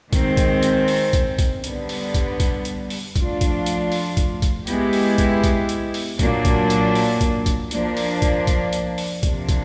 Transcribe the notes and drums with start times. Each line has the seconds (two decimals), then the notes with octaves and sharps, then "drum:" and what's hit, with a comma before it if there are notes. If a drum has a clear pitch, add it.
0.13 D#3 G#3 C4, drum: kick, hi-hat
0.37 drum: kick, hi-hat
0.63 drum: hi-hat
0.88 drum: open hi-hat
1.13 drum: kick, hi-hat
1.39 drum: kick, hi-hat
1.64 D3 G3 B3, drum: hi-hat
1.89 drum: open hi-hat
2.14 drum: kick, hi-hat
2.40 drum: kick, hi-hat
2.65 drum: hi-hat
2.90 drum: open hi-hat
3.16 F3 A3 D4 F4, drum: kick, hi-hat
3.41 drum: kick, hi-hat
3.66 drum: hi-hat
3.92 drum: open hi-hat
4.17 drum: kick, hi-hat
4.42 drum: kick, hi-hat
4.67 G#3 B3 E4 G4, drum: hi-hat
4.93 drum: open hi-hat
5.18 drum: kick, hi-hat
5.44 drum: kick, hi-hat
5.69 drum: hi-hat
5.94 drum: open hi-hat
6.19 A#2 F#3 A#3 D4, drum: kick, hi-hat
6.45 drum: kick, hi-hat
6.70 drum: hi-hat
6.95 drum: open hi-hat
7.21 drum: kick, hi-hat
7.46 drum: kick, hi-hat
7.71 F3 A#3 D4, drum: hi-hat
7.97 drum: open hi-hat
8.22 drum: kick, hi-hat
8.47 drum: kick, hi-hat
8.73 drum: hi-hat
8.98 drum: open hi-hat
9.23 C3 F3 A#3 D4, drum: kick, hi-hat
9.49 drum: kick, hi-hat